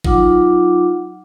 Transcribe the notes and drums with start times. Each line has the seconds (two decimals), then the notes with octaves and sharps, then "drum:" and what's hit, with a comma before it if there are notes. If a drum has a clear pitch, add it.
0.04 F#3 D#4 F4 F#5 D6, drum: kick G#1